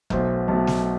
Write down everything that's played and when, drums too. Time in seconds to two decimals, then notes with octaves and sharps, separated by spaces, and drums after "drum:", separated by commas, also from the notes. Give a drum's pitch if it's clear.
0.10 B1 B2 A3 C5, drum: kick F#1
0.48 B1 B2 A3 A5
0.67 drum: snare